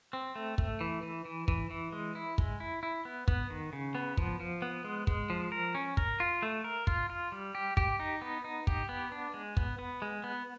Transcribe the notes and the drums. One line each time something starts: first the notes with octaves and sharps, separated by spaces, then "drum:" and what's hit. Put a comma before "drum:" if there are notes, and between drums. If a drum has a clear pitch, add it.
C4
A3
A3, drum: kick
E3
E3
E3
E3, drum: kick
E3
G#3
E4
G#3, drum: kick
E4
E4
B3
B3, drum: kick
D#3
C#3
B3
F3, drum: kick
F3
B3
G#3
G#3, drum: kick
F3
A#4
C#4
A#4, drum: kick
F4
A3
A#4
F4, drum: kick
F4
G3
G4
G4, drum: kick
D#4
B3
D#4
G4, drum: kick
B3
D4
G#3
B3, drum: kick
B3
G#3
B3